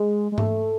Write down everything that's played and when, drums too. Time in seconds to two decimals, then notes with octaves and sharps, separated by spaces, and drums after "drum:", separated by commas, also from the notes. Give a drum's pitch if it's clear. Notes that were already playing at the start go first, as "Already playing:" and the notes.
Already playing: G#3
0.32 G#3
0.38 A3, drum: tom G#2